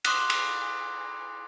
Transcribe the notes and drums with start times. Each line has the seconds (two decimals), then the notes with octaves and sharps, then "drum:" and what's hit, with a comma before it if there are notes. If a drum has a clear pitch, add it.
0.05 C6 D6 D#6 F#6, drum: cymbal
0.30 drum: cymbal